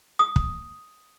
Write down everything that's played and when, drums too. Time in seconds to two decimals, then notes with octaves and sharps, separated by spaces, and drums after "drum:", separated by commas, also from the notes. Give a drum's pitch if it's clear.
0.19 D#6
0.36 drum: kick